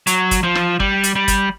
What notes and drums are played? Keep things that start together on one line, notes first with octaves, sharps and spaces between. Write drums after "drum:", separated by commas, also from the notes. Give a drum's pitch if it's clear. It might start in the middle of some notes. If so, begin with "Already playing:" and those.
F#3, drum: hi-hat
drum: kick, hi-hat
F3
drum: rim click
G3, drum: kick
drum: hi-hat
G3
drum: kick, hi-hat